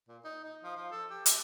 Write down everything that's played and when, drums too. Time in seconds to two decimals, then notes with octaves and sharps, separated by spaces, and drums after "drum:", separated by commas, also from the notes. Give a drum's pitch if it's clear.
0.08 A#2
0.24 D#4
0.44 D#4
0.63 F3
0.76 F3
0.92 A4
1.10 G4
1.26 D5, drum: hi-hat